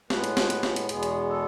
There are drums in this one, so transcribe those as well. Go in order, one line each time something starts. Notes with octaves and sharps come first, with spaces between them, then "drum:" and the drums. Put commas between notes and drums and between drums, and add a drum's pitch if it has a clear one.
A2 G#3 B3 B4, drum: snare
drum: hi-hat
drum: snare
drum: hi-hat
drum: snare
drum: hi-hat
E2 B2 G#3 B3 G#4, drum: hi-hat
drum: hi-hat
A4